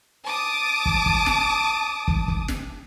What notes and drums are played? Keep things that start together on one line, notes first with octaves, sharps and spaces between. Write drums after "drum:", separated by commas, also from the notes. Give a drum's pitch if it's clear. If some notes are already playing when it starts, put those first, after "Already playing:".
A5 D6 D#6
drum: kick
drum: kick
drum: snare
drum: kick
drum: kick
drum: snare